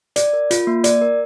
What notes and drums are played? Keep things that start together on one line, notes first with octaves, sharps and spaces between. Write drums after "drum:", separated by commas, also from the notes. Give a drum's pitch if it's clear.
D5, drum: hi-hat
A#4
F4, drum: hi-hat
A#3
D5, drum: hi-hat
A#4